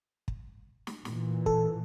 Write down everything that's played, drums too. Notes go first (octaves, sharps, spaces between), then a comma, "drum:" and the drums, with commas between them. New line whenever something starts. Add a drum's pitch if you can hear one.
drum: kick
drum: snare
A#2 E3, drum: snare
A4, drum: kick